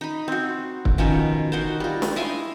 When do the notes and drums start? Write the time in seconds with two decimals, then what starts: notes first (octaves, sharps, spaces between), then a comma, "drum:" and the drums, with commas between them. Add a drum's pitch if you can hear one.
0.01 D#4 B5
0.28 C4 F#4
0.85 drum: kick
0.98 B2 D#3 F3 C#4
1.52 D#4 F#4 A#4 C5
1.80 G3 F4
2.02 drum: snare
2.16 E4 D#5 F5 G#5